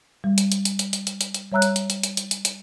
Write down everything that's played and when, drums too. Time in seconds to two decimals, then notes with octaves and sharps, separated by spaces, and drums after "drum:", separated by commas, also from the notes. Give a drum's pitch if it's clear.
0.24 G3
0.38 drum: hi-hat
0.52 drum: hi-hat
0.65 drum: hi-hat
0.79 drum: hi-hat
0.93 drum: hi-hat
1.07 drum: hi-hat
1.21 drum: hi-hat
1.34 drum: hi-hat
1.52 G3 C#5 E5 A#5 E6 F#6
1.62 drum: hi-hat
1.76 drum: hi-hat
1.90 drum: hi-hat
2.03 drum: hi-hat
2.17 drum: hi-hat
2.31 drum: hi-hat
2.45 drum: hi-hat